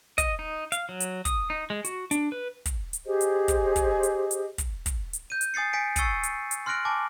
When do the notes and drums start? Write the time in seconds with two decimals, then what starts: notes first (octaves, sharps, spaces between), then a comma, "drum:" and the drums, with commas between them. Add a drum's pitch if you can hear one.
0.18 D#5, drum: kick, hi-hat
0.39 D#4
0.72 F5, drum: hi-hat
0.89 F#3
1.00 drum: hi-hat
1.25 D#6, drum: kick, hi-hat
1.50 D#4
1.70 G#3
1.85 F#4, drum: hi-hat
2.11 D4, drum: hi-hat
2.32 B4
2.66 drum: kick, hi-hat
2.93 drum: hi-hat
3.06 G4 G#4 C5 D#5
3.21 drum: hi-hat
3.48 drum: kick, hi-hat
3.76 drum: kick, hi-hat
4.03 drum: hi-hat
4.31 drum: hi-hat
4.58 drum: kick, hi-hat
4.86 drum: kick, hi-hat
5.13 drum: hi-hat
5.30 G6 D#7
5.41 drum: hi-hat
5.54 G#5 D#6 A6 C7 C#7
5.73 G#5 B6 C#7 D7
5.96 C#6 E6 A6 C7 C#7 D#7, drum: kick, hi-hat
6.23 drum: hi-hat
6.51 drum: hi-hat
6.66 C6 F6 F#6 A#6 D7 F#7
6.85 G#5 A5 D6